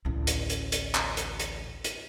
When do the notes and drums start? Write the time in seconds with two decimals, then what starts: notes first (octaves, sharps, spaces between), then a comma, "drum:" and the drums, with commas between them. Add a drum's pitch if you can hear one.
0.05 A1 D2
0.27 drum: hi-hat
0.50 drum: hi-hat
0.72 drum: hi-hat
0.95 drum: clap
1.17 drum: hi-hat
1.40 drum: hi-hat
1.84 drum: hi-hat